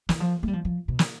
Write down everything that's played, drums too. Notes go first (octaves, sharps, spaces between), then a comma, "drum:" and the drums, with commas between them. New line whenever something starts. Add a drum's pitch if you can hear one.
E3, drum: snare
F3
A3
G3
F3
F3
B2
drum: snare